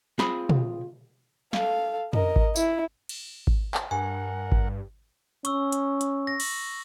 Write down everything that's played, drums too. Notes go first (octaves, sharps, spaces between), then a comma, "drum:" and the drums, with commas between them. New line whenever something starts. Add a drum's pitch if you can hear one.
C4 F4 G#4 B5, drum: snare
drum: tom
A4 F5, drum: snare
A#4 D#5, drum: tom
drum: kick G#1
E4, drum: tambourine
drum: cymbal
drum: kick G#1
drum: clap
G2 A#4 F#5 G#5
drum: kick G#1
C#4 C#6 E6, drum: hi-hat
drum: hi-hat
drum: hi-hat
A#6
drum: cymbal